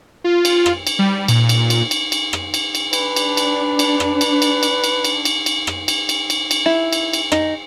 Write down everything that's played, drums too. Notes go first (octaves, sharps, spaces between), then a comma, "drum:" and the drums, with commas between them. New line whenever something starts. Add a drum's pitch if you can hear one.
F4
drum: cymbal
drum: rim click
drum: cymbal
G3
A#2, drum: cymbal
drum: cymbal
drum: cymbal
drum: cymbal
drum: cymbal
drum: rim click
drum: cymbal
drum: cymbal
D4 B4, drum: cymbal
drum: cymbal
drum: cymbal
drum: cymbal
drum: rim click
drum: cymbal
drum: cymbal
drum: cymbal
drum: cymbal
drum: cymbal
drum: cymbal
drum: cymbal
drum: rim click
drum: cymbal
drum: cymbal
drum: cymbal
drum: cymbal
E4
drum: cymbal
drum: cymbal
D#4, drum: rim click